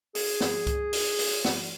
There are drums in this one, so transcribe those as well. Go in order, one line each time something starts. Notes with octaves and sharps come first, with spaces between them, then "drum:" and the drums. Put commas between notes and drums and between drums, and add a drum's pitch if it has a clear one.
G#4, drum: open hi-hat
drum: snare
drum: kick C#2, hi-hat
drum: open hi-hat
drum: open hi-hat
drum: snare